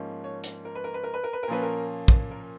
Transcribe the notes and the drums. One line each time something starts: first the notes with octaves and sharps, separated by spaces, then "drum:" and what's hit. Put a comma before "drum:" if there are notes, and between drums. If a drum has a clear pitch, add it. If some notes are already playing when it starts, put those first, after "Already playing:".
Already playing: G#2 F3 A#3 C#4
C#5
drum: hi-hat
A#4
B4
A#4
B4
A#4
B4
A#4
B4
A#4
A#2 F3 A#3 C#4 B4
A#4
drum: kick
A#4